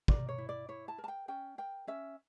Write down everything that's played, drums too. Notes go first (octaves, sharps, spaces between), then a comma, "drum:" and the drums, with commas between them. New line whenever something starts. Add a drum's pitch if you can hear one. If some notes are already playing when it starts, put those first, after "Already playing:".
A#4 D5, drum: kick
C#5
E4
D5
E4 C#5
A5
A#4
A5
G5
C#4 G5
A#4 G5
C#4 E5